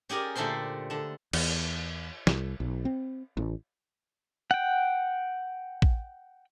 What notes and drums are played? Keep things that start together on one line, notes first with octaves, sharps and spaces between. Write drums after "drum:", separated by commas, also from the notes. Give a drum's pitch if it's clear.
C#4 G4 G#4 A#4 D5
A#2 D3 A3 A4 C5 C6
D3 A5
E2, drum: cymbal
C2, drum: snare
B1
C4
A1
F#5 G5
drum: kick A1